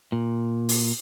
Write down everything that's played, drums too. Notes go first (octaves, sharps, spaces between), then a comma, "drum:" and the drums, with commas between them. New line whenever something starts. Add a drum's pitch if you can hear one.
A#2
drum: open hi-hat